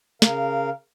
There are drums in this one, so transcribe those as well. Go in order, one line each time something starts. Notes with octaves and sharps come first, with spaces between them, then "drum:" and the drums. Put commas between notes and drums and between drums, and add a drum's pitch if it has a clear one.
C#3 A#4 F5, drum: snare